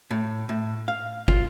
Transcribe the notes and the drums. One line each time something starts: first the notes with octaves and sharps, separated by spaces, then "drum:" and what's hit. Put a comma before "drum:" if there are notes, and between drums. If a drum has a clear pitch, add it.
A2
A2
F5
F4, drum: kick